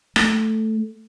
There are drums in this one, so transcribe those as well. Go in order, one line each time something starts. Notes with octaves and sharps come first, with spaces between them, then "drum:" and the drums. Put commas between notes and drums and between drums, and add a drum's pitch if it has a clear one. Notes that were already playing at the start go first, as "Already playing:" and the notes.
A3, drum: rim click